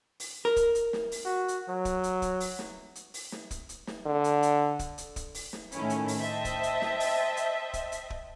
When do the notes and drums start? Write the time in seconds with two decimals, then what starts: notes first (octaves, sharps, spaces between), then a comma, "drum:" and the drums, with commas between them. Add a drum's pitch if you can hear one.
0.20 drum: open hi-hat
0.45 A#4
0.56 drum: kick D1, hi-hat
0.75 drum: hi-hat
0.93 drum: snare
1.12 drum: open hi-hat
1.25 F#4
1.48 drum: hi-hat
1.69 F#3
1.85 drum: kick D1, hi-hat
2.04 drum: hi-hat
2.22 drum: kick D1, hi-hat
2.40 drum: open hi-hat
2.59 drum: snare
2.95 drum: hi-hat
3.14 drum: open hi-hat
3.32 drum: snare
3.51 drum: kick D1, hi-hat
3.69 drum: hi-hat
3.87 drum: snare
4.06 D3
4.24 drum: hi-hat
4.43 drum: hi-hat
4.79 drum: kick D1, hi-hat
4.98 drum: hi-hat
5.16 drum: kick D1, hi-hat
5.34 drum: open hi-hat
5.53 drum: snare
5.72 A2 D#3 A3 C#4 E4, drum: hi-hat
5.90 drum: hi-hat
6.08 drum: open hi-hat
6.19 C5 D#5 E5 G5 A5
6.45 drum: kick D1, hi-hat
6.63 drum: hi-hat
6.82 drum: snare
7.00 drum: open hi-hat
7.37 drum: hi-hat
7.73 drum: kick D1, hi-hat
7.92 drum: hi-hat
8.10 drum: kick D1